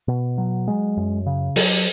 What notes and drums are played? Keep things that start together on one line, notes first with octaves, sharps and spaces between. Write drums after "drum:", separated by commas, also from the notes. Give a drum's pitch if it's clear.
B2
F#3
G#3
F#2
C#3
F#3, drum: open hi-hat